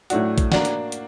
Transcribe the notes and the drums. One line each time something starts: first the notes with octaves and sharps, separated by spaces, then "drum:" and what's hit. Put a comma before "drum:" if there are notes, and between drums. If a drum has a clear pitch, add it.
A2 F#3 A3 D4 F#4, drum: hi-hat
drum: kick, hi-hat
A#3 D4 F#4, drum: snare
drum: hi-hat
drum: hi-hat